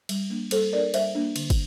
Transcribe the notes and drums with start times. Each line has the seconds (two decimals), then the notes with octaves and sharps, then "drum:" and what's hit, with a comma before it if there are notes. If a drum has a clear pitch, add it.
0.09 G3, drum: cymbal
0.30 A#3 D4
0.51 G3 A4 C5, drum: cymbal
0.73 A#3 D4 A#4 D5
0.94 G3 C5 E5, drum: cymbal
1.15 A#3 D4
1.36 D3, drum: cymbal
1.50 drum: kick, cymbal